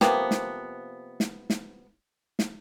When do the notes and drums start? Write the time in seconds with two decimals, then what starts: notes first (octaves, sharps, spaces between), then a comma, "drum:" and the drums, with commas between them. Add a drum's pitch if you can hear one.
0.01 C3 F3 A#3 B3, drum: snare
0.31 drum: snare
1.20 drum: snare
1.50 drum: snare
2.39 drum: snare